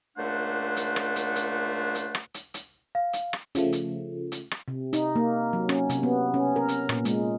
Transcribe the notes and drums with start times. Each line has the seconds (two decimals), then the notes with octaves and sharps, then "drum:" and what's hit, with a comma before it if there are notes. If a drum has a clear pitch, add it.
0.17 C#2 A#2 A3 D4 C5 F#5
0.76 drum: hi-hat
0.96 drum: rim click
1.16 drum: hi-hat
1.36 drum: hi-hat
1.95 drum: hi-hat
2.15 drum: rim click
2.34 drum: hi-hat
2.54 drum: hi-hat
2.95 F5
3.13 drum: hi-hat
3.33 drum: rim click
3.55 C#3 F3 A3, drum: hi-hat
3.72 drum: hi-hat
4.32 drum: hi-hat
4.51 drum: rim click
4.68 C3
4.93 D#4, drum: hi-hat
5.16 A#3
5.53 F#3
5.69 C#4, drum: rim click
5.90 C3, drum: hi-hat
6.03 B3
6.34 C#4
6.56 A#4
6.69 drum: hi-hat
6.89 A#2, drum: rim click
7.05 G#3, drum: hi-hat